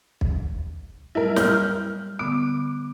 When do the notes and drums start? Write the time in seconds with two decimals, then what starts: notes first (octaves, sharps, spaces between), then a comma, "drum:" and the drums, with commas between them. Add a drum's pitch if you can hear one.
0.21 drum: kick
1.15 F#3 G3 E4 A#4 D#5
1.36 G3 E4 F6 G6, drum: snare
2.19 D3 B3 D6